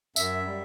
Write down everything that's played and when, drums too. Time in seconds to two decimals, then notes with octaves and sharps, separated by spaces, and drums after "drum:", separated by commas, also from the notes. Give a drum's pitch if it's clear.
0.16 F#2 E5, drum: tambourine
0.46 G3